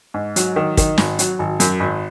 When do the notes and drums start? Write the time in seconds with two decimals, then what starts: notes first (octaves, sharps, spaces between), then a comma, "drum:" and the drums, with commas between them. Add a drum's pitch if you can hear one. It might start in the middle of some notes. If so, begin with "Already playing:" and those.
0.14 G#2
0.36 F#3, drum: hi-hat
0.56 D#3
0.77 D#3, drum: kick, hi-hat
0.98 G#1, drum: snare
1.19 F#3, drum: hi-hat
1.39 G#1
1.60 F#2, drum: hi-hat
1.80 G#1